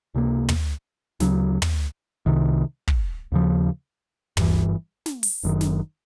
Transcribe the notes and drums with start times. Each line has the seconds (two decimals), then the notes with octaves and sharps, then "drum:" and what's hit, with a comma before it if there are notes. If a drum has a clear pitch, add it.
0.14 C#2 C3 F3 A#3
0.49 drum: tom
1.20 D2 C#3 F#3, drum: snare
1.62 drum: tom
2.26 C2 C3 D#3
2.88 drum: kick
3.32 D#2 C#3 F3
4.37 G1 G2 E3, drum: tom
5.06 drum: snare
5.23 drum: open hi-hat
5.43 F#1 F#2 D#3
5.61 drum: snare